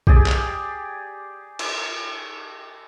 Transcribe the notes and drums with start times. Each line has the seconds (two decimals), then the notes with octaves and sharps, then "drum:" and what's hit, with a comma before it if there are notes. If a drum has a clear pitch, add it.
0.07 G4 G#4 D5, drum: kick
0.26 drum: clap
1.59 drum: cymbal